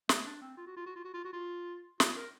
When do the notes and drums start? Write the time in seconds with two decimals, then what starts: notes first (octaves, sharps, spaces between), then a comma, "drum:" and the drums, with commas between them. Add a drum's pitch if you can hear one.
0.09 A3, drum: snare
0.25 D4
0.41 C4
0.57 F4
0.67 F#4
0.76 F4
0.86 F#4
0.96 F4
1.04 F#4
1.14 F4
1.24 F#4
1.33 F4
2.00 F4, drum: snare
2.16 A#4